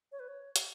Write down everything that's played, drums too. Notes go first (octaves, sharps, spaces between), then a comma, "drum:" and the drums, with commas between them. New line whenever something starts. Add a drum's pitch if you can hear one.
C#5
B4
C#5
drum: hi-hat